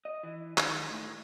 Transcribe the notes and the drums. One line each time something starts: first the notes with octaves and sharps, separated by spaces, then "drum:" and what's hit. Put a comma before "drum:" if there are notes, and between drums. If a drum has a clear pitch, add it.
D#5
E3
D#3, drum: clap
A2